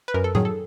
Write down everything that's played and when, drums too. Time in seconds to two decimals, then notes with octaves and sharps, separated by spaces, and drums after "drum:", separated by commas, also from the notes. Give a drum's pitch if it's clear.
0.08 B4
0.14 F#2 A#4
0.24 A4
0.35 D#3 F#3 G#4, drum: tom A2
0.45 A4